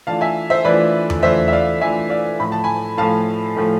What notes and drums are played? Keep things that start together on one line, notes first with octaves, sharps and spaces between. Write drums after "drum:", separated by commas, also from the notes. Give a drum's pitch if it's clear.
E3 A3 D4 F4 F5 A5
E5 G#5
C5 E5
E3 A3 D4 F4 B4 D5
drum: tom E2
E3 A3 D4 F4 C5 E5
E5
D5 F5
E3 A3 D4 F4 E5 G#5
D5 F5
A2 F3 A3 B5
A5
G#5 B5
A2 F3 A3 F5 A5
A2 F3 A3